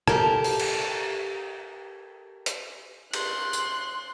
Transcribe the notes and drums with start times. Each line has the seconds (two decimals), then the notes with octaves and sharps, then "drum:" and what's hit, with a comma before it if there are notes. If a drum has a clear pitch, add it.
0.07 G4 A4 A#4, drum: rim click
0.44 drum: open hi-hat
0.60 drum: cymbal
2.46 drum: hi-hat
3.13 C6 F#6, drum: cymbal
3.53 drum: tambourine